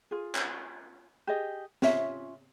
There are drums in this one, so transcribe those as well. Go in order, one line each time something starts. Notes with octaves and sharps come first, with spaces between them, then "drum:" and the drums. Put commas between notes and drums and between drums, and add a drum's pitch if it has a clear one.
F4 G#4
drum: clap
G4 G#4 D#5
C#4 F4 C#5 E5, drum: snare